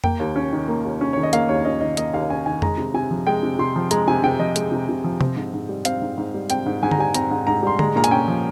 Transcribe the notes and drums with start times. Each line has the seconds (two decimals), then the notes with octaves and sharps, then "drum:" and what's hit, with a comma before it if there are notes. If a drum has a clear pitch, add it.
0.04 A#3 G5, drum: tom F2
0.20 D#2
0.36 C#4
0.53 D#3
0.68 A#3
0.85 D#2
1.01 C#4
1.13 D#3 C#5
1.23 D#5
1.33 A#3 F5, drum: hi-hat
1.49 D#2 C#5
1.65 C#4 D#5
1.81 D#3 D#5
1.97 A#3 D#5, drum: hi-hat
2.13 D#2 F5
2.30 C#4 G#5
2.46 D#3 G#5
2.62 G#3 A#5, drum: tom F2
2.78 C3
2.94 C3 G#5
3.11 F3
3.27 G#3 G5
3.43 C3
3.59 C3 C6
3.76 F3
3.91 G#3 A#5, drum: hi-hat
4.08 C3 G#5
4.23 C3 G5
4.39 F3 D#5
4.56 G#3, drum: hi-hat
4.72 C3
4.89 C3
5.04 F3
5.21 C4, drum: tom C3
5.36 G#2
5.54 G#2
5.69 G3
5.85 C4 F5, drum: hi-hat
6.02 G#2
6.18 G#2
6.34 G3
6.50 C4 G5, drum: hi-hat
6.66 G#2
6.83 G#2 G#5
6.91 A#5, drum: tom D3
6.98 G3 G#5
7.14 C4 A#5, drum: hi-hat
7.31 G#2
7.47 G#2 A#5
7.63 G3 C6
7.79 G#3 A#5, drum: tom D3
7.96 A#2 A#5
8.04 G#5, drum: hi-hat
8.11 C#4 G5
8.28 F3